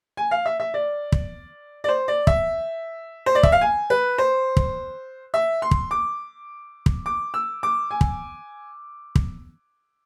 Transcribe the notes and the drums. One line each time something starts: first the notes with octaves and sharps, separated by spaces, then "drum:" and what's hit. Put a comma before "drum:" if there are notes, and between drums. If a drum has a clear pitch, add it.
G#5
F5
E5
E5
D5
drum: kick
D5
C5
D5
E5, drum: kick
C5
D5
E5, drum: kick
F5
G#5
B4
C5
drum: kick
E5
C6
drum: kick
D6
drum: kick
D6
E6
D6
G#5
drum: kick
drum: kick